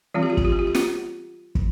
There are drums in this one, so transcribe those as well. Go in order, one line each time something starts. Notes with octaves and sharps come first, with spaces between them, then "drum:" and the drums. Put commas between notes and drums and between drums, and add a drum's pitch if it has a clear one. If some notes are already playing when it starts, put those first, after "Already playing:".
E3 G3 C4 F4
G4
F4
G4, drum: kick
F4
G4
F4
G4
F4, drum: snare
drum: kick